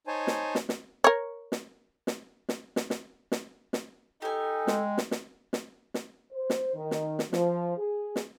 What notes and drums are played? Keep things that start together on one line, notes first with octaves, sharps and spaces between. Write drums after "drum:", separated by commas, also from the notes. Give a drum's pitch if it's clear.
D#4 C5 C#5 G#5 A5
drum: snare
drum: snare
drum: snare
A#4 C#5
drum: snare
drum: snare
drum: snare
drum: snare
drum: snare
drum: snare
drum: snare
D#4 G4 A4 G#5
G#3, drum: snare
drum: snare
drum: snare
drum: snare
drum: snare
C5
drum: snare
D#3
drum: snare
drum: snare
F3, drum: snare
G#4
drum: snare